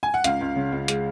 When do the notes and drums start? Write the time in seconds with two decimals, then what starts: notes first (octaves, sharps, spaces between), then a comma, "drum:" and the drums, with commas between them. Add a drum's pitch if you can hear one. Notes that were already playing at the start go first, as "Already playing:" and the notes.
0.03 G#5
0.14 F#5
0.24 C#2 F5, drum: hi-hat
0.41 C#2
0.56 C#3
0.72 C#2
0.88 G#3, drum: hi-hat